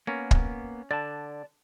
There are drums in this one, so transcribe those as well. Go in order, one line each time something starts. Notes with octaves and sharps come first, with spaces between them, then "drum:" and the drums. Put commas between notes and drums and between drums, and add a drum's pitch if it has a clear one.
A#3 B3 C#4 A#4
drum: kick
D3 D5 A5